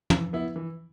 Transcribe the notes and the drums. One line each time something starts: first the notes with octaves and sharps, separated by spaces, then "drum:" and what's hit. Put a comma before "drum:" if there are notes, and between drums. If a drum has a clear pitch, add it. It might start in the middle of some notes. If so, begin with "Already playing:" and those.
E3, drum: tom
B3 E4
E3